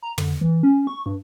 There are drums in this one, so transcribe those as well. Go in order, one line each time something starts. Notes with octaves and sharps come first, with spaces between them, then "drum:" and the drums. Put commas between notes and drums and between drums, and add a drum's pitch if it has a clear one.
A#5
D3, drum: tom
E3
C#4
C#6
G2